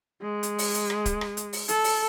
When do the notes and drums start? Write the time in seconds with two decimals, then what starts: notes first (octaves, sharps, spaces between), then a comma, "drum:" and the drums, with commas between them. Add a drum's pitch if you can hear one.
0.22 G#3
0.43 drum: hi-hat
0.58 drum: open hi-hat
0.74 drum: hi-hat
0.90 drum: rim click
1.06 drum: kick, hi-hat
1.21 drum: rim click
1.37 drum: hi-hat
1.53 drum: open hi-hat
1.68 A4, drum: hi-hat
1.84 drum: open hi-hat